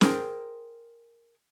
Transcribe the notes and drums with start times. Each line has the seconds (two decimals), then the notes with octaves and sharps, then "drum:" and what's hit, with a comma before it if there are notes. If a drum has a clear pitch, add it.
0.01 G#4 A#4 C5 G5, drum: snare